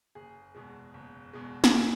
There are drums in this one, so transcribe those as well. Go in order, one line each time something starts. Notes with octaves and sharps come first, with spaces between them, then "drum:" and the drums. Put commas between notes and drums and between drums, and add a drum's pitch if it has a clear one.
F#1 G#4
E2 B2 G#3
F#1
E2 B2 G#3
drum: snare
G#4